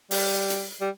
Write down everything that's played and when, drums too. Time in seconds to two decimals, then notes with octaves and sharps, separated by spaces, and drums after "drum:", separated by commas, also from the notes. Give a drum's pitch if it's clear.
0.11 G3, drum: open hi-hat
0.50 drum: hi-hat
0.81 G3